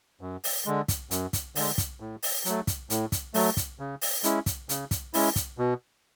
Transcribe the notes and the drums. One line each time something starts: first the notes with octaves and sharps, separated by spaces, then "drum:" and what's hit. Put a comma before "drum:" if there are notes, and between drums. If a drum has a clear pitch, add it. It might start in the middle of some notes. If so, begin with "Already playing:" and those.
F#2
drum: open hi-hat
D3 G#3
drum: kick, hi-hat
F#2, drum: hi-hat
drum: kick, hi-hat
D3 G#3, drum: open hi-hat
drum: kick, hi-hat
A2
drum: open hi-hat
F#3 A3, drum: hi-hat
drum: kick, hi-hat
A2, drum: hi-hat
drum: kick, hi-hat
F#3 A3, drum: open hi-hat
drum: kick, hi-hat
C#3
drum: open hi-hat
G#3 C#4 E4, drum: hi-hat
drum: kick, hi-hat
C#3, drum: hi-hat
drum: kick, hi-hat
G#3 C#4 E4, drum: open hi-hat
drum: kick, hi-hat
B2